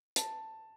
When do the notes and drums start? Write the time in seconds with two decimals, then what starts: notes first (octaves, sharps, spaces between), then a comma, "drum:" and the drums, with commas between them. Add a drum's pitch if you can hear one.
0.16 A5, drum: hi-hat